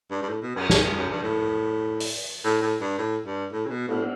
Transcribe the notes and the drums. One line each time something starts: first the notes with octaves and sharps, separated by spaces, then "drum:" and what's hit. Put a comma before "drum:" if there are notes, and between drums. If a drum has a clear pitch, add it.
G2
G2
A2
B2
F#2, drum: cymbal
F#2, drum: snare
E2
G2
F#2
G2
A2
drum: open hi-hat
A2
A2
G2
A2
G2
A2
C#3
B2
A2, drum: cymbal